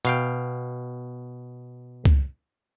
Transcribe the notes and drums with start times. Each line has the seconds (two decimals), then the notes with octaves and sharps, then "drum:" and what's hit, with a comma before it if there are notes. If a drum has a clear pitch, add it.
0.05 B2 F5 G5, drum: hi-hat
2.05 drum: kick C#2